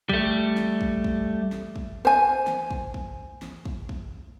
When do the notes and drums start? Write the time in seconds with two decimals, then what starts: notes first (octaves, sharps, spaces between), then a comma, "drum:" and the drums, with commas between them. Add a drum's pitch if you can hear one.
0.09 G3 A3, drum: kick
0.57 drum: snare
0.81 drum: kick
1.04 drum: kick
1.52 drum: snare
1.76 drum: kick
2.05 C5 G#5
2.47 drum: snare
2.71 drum: kick
2.94 drum: kick
3.42 drum: snare
3.66 drum: kick
3.89 drum: kick